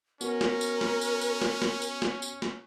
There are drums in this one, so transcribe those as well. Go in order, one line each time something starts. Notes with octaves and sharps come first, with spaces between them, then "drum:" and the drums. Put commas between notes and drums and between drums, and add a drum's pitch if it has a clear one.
B3 C#4 F#4 A#4, drum: tambourine
drum: snare
drum: tambourine
drum: snare
drum: tambourine
drum: tambourine
drum: snare
drum: snare
drum: tambourine
drum: snare
drum: tambourine
drum: snare